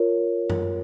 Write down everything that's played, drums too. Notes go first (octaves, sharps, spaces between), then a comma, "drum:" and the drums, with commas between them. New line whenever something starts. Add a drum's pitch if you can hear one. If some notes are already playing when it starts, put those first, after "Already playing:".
Already playing: F4 A#4 C#5
drum: tom F#2